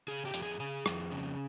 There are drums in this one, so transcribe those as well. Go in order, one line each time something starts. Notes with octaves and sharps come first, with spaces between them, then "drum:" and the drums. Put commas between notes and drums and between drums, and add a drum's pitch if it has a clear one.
C#3 G#4
G4
F2, drum: hi-hat
G#4
C#3 G#4
F2, drum: rim click
C#3